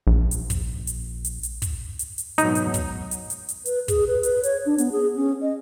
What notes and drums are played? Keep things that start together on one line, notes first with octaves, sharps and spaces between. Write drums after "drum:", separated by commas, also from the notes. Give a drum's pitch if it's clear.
A#1
drum: hi-hat
drum: kick, hi-hat
drum: hi-hat
drum: hi-hat
drum: hi-hat
drum: kick, hi-hat
drum: hi-hat
drum: hi-hat
G#2 B2 F#3 D#4, drum: hi-hat
drum: hi-hat
drum: kick, hi-hat
drum: hi-hat
drum: hi-hat
drum: hi-hat
B4, drum: hi-hat
G#4, drum: kick, hi-hat
B4
B4, drum: hi-hat
C#5, drum: hi-hat
D4
B3, drum: hi-hat
G#4
C#4
D#5